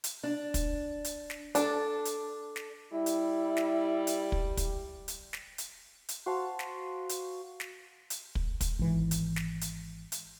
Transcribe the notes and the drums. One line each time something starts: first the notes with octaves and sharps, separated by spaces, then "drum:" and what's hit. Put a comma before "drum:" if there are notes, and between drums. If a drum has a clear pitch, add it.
drum: hi-hat
D4
drum: kick, hi-hat
drum: hi-hat
drum: snare
D4 A4, drum: hi-hat
drum: hi-hat
drum: snare
G3 E4
drum: hi-hat
drum: snare
drum: hi-hat
drum: kick
drum: kick, hi-hat
drum: hi-hat
drum: snare
drum: hi-hat
drum: hi-hat
F#4 C5 F5 A5
drum: snare
drum: hi-hat
drum: snare
drum: hi-hat
drum: kick
drum: kick, hi-hat
G#1 E3
drum: hi-hat
drum: snare
drum: hi-hat
drum: hi-hat